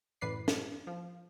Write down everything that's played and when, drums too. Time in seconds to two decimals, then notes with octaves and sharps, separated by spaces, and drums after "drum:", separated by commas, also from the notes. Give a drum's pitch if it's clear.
0.21 F#2 A2 E3 B4 D5 C7
0.48 drum: snare
0.87 F3